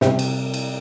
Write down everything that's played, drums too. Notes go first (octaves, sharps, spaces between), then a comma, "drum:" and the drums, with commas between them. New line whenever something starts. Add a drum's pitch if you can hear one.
C3 G3 E5 G5, drum: snare
drum: cymbal
drum: cymbal